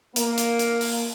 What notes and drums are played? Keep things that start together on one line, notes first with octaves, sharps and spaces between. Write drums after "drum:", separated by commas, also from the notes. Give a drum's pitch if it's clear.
A#3, drum: hi-hat
drum: hi-hat
drum: hi-hat
drum: open hi-hat